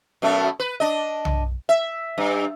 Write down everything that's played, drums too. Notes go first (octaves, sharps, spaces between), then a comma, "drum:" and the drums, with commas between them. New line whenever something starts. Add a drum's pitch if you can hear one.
F#2 B2 A3
B4
D4 D#5
drum: tom B1
E5
G2